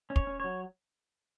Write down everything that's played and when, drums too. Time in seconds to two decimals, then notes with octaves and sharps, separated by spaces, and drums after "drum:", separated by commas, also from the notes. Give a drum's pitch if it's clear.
0.10 C#4
0.16 C#5, drum: kick
0.27 C#4
0.40 F#3 C#5